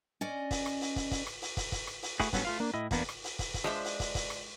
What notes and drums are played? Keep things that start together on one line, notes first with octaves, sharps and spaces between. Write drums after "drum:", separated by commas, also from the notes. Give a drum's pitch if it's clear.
C#4 D5 D#5 G#5
drum: kick, open hi-hat
drum: rim click
drum: open hi-hat
drum: kick, open hi-hat
drum: kick, open hi-hat
drum: rim click
drum: open hi-hat
drum: kick, open hi-hat
drum: kick, open hi-hat
drum: rim click
drum: open hi-hat
A3 E4 F#4 G#4, drum: kick, open hi-hat
G2 F#3 B3 C#4 A4, drum: kick, open hi-hat
A3 F4 F5
A#3 D4
A2 E4 D#5
E2 A#3 B3 D4, drum: kick, open hi-hat
drum: rim click
drum: open hi-hat
drum: kick, open hi-hat
drum: kick, open hi-hat
F3 G#3 D4 C5 E5
drum: open hi-hat
drum: kick, open hi-hat
drum: kick, open hi-hat
drum: rim click